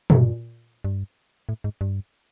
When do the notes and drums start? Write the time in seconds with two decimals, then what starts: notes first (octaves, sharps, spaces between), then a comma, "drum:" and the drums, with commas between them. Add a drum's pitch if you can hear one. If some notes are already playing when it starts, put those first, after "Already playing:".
0.10 G2, drum: tom A#2
0.84 G2
1.49 A2
1.64 G#2
1.81 G2